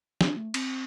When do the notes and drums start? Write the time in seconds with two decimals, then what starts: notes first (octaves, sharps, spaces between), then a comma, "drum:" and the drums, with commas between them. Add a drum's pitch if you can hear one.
0.21 D4, drum: snare
0.36 A3
0.54 C4, drum: cymbal